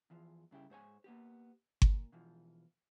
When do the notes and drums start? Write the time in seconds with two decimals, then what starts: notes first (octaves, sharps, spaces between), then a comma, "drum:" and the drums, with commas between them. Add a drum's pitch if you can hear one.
0.10 E2 E3 F3
0.51 G2 C#3 E4 G4
0.70 G#2 C5 C#5 G#5
1.04 A#3 B3 G4
1.82 A#2, drum: kick G1
2.12 B2 E3 F3